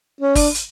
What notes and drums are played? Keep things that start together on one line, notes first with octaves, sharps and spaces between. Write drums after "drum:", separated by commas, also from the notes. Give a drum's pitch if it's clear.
C#4
D4, drum: kick, open hi-hat
drum: hi-hat